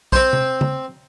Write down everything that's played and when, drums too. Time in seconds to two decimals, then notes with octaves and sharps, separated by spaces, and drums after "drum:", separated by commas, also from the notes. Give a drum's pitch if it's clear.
0.12 C4 C5, drum: kick
0.33 drum: tom C3
0.61 drum: tom C#3